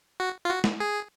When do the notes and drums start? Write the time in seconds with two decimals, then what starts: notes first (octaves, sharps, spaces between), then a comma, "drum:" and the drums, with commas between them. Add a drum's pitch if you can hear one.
0.20 F#4
0.45 F4
0.50 F#4
0.64 drum: snare
0.80 G#4